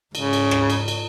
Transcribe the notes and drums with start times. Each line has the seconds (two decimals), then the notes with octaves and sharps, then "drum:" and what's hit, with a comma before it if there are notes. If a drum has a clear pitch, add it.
0.15 G#2 C#3, drum: cymbal
0.33 drum: cymbal
0.51 drum: rim click
0.70 drum: cymbal
0.88 drum: cymbal